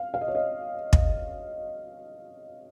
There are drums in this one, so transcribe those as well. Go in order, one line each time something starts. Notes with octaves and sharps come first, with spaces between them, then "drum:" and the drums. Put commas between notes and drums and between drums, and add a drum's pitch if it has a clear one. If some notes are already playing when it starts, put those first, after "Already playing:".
Already playing: F5
F5
D#5
C#5
D#5
drum: kick